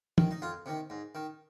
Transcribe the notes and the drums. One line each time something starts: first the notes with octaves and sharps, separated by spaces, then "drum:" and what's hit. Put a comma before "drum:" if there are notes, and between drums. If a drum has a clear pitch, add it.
D#3, drum: tom
D#4
F2 F4
C3 D#3
G#2
D#3